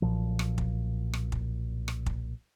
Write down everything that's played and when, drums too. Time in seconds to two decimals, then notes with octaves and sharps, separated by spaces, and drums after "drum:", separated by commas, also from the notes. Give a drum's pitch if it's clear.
0.02 B1 A#2 F3
0.39 drum: rim click
0.58 drum: kick
1.13 drum: rim click
1.32 drum: kick
1.88 drum: rim click
2.06 drum: kick